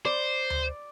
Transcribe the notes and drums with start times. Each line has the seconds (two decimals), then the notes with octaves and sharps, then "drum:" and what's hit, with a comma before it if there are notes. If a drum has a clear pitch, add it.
0.05 C5 D5
0.50 drum: tom D2